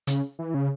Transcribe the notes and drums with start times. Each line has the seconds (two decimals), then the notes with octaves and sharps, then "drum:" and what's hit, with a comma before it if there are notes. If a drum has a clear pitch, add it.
0.07 C#3, drum: hi-hat
0.39 E3
0.54 C#3